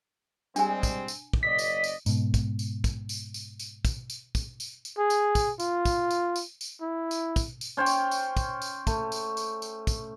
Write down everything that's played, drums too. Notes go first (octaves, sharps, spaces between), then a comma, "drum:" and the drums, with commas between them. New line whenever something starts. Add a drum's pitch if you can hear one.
G3 G#3 C4 D4 G#5, drum: tambourine
drum: kick, tambourine
drum: tambourine
drum: kick
F#1 D5 D#5 B6
drum: tambourine
drum: tambourine
G#2 B2, drum: tambourine
drum: kick, tambourine
drum: tambourine
drum: kick, tambourine
drum: tambourine
drum: tambourine
drum: tambourine
drum: kick, tambourine
drum: tambourine
drum: kick, tambourine
drum: tambourine
drum: tambourine
G#4
drum: tambourine
drum: kick, tambourine
F4, drum: tambourine
drum: kick, tambourine
drum: tambourine
drum: tambourine
drum: tambourine
E4
drum: tambourine
drum: kick, tambourine
drum: tambourine
C#4 C5 C#5 G5
drum: tambourine
drum: tambourine
drum: kick, tambourine
drum: tambourine
A3, drum: kick, tambourine
drum: tambourine
drum: tambourine
drum: tambourine
drum: kick, tambourine